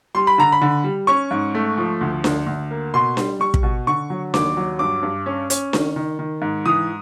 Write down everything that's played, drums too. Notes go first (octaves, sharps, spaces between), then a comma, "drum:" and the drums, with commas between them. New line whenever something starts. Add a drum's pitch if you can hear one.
G3 C6
B5
D3 A#5
B5
D3
G3
C#4 C#6
G#2
A3
F3
D2
D2, drum: snare D4
D2
A#3
B2 C6
G3, drum: snare D4
G3 C#6
drum: kick
B2
D3 C#6
F#3
D#2 D6, drum: snare D4
F#3
G2 D6
G2
C#4
C#4, drum: hi-hat
D#3, drum: snare D4
D#3
D#3
G#2
E3 D#6